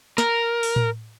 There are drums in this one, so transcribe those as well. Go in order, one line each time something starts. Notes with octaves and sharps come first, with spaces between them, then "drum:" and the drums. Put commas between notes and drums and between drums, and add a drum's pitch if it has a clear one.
A#4, drum: snare
drum: open hi-hat
drum: tom A2